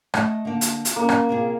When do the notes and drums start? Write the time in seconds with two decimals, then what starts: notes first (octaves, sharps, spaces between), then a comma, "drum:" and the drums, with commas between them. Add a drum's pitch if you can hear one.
0.14 A3 D#5, drum: rim click
0.45 D3 A#3
0.61 drum: hi-hat
0.85 drum: hi-hat
0.96 A#3 C#4
1.09 drum: rim click
1.29 C3 F4 G#4